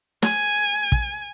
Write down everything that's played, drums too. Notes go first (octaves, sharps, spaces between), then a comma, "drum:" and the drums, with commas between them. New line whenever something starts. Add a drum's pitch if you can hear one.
G#5, drum: snare
drum: kick